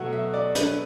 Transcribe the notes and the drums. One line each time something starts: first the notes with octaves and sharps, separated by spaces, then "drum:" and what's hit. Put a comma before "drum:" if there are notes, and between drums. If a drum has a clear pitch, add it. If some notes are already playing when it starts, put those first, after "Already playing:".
Already playing: B2 F#3 A3 E5 F#5
E5
D5
B4, drum: hi-hat